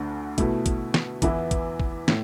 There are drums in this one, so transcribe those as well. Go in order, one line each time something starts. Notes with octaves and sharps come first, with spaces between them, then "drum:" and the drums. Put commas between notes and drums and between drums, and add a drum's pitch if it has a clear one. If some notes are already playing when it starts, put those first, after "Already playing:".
Already playing: D2 D3 A3 D4
B2 A3 E4, drum: kick, hi-hat
drum: kick, hi-hat
drum: snare
E2 E3 B3 E4, drum: kick, hi-hat
drum: kick, hi-hat
drum: kick
A2, drum: snare